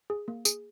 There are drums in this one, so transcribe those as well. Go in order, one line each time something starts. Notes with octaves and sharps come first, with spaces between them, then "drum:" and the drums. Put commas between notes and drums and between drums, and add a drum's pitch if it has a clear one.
G#4
A#3
G#4, drum: tambourine